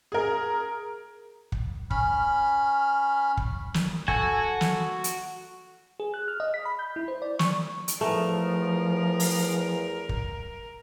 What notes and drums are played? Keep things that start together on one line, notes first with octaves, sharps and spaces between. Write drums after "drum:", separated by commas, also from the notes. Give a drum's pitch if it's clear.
G#4 A#4
drum: kick
C#4 B5 F6, drum: kick
drum: kick
drum: snare
F#4 A4 G#5, drum: kick
drum: snare
drum: hi-hat
G#4
F#6
F6
D#5
B6
B5
G6
E4
C5
D5
C#6, drum: snare
drum: hi-hat
E2 F3 A3 A#4
drum: open hi-hat
drum: kick